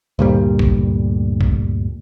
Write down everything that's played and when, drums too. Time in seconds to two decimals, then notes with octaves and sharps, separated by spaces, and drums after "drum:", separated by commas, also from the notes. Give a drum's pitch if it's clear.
0.19 D2 G2 A#2 G3
0.59 drum: kick
1.41 drum: kick